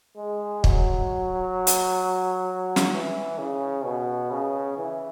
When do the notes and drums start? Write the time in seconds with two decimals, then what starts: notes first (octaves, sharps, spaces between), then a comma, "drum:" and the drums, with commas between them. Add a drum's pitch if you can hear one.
0.17 G#3
0.64 F#3, drum: kick
1.67 drum: hi-hat
2.76 drum: snare
2.93 E3
3.39 C#3
3.85 B2
4.31 C#3
4.78 E3